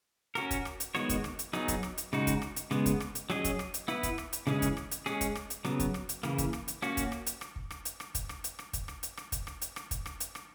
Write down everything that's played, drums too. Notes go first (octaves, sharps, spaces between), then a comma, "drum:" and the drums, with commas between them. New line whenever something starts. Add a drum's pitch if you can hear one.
C#4 F#4 A#4, drum: rim click
drum: kick, hi-hat
drum: rim click
drum: hi-hat
D#3 G#3 B3 F#4 C#5, drum: rim click
drum: kick, hi-hat
drum: rim click
drum: hi-hat
F#3 B3 D#4 G#4, drum: rim click
drum: kick, hi-hat
drum: rim click
drum: hi-hat
C#3 G#3 D#4 F#4, drum: rim click
drum: kick, hi-hat
drum: rim click
drum: hi-hat
C#3 G#3 B3, drum: rim click
drum: kick, hi-hat
drum: rim click
drum: hi-hat
F#3 C#4 G#4 D#5, drum: rim click
drum: kick, hi-hat
drum: rim click
drum: hi-hat
B3 E4 B4, drum: rim click
drum: kick, hi-hat
drum: rim click
drum: hi-hat
C#3 E3 G#3 C#4 G#4, drum: rim click
drum: kick, hi-hat
drum: rim click
drum: hi-hat
G#3 C#4 G#4, drum: rim click
drum: kick, hi-hat
drum: rim click
drum: hi-hat
C#3 F#3 B3, drum: rim click
drum: kick, hi-hat
drum: rim click
drum: hi-hat
C#3 E3 A#3, drum: rim click
drum: kick, hi-hat
drum: rim click
drum: hi-hat
A#3 C#4 F#4, drum: rim click
drum: kick, hi-hat
drum: rim click
drum: hi-hat
drum: rim click
drum: kick
drum: rim click
drum: hi-hat
drum: rim click
drum: kick, hi-hat
drum: rim click
drum: hi-hat
drum: rim click
drum: kick, hi-hat
drum: rim click
drum: hi-hat
drum: rim click
drum: kick, hi-hat
drum: rim click
drum: hi-hat
drum: rim click
drum: kick, hi-hat
drum: rim click
drum: hi-hat
drum: rim click